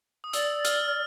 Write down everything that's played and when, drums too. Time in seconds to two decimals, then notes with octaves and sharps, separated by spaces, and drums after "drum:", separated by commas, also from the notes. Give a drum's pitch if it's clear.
0.24 D#6
0.33 D5 E6, drum: hi-hat
0.65 F6, drum: hi-hat
0.88 F6